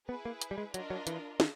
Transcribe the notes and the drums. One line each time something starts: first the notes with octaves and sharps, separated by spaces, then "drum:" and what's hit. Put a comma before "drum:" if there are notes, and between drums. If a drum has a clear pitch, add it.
B3 E4 G#4 B4
A#3
drum: hi-hat
G3
G#3
F#3 D4 F4 A#4 D#5, drum: hi-hat
F#3
E3, drum: hi-hat
D#3, drum: snare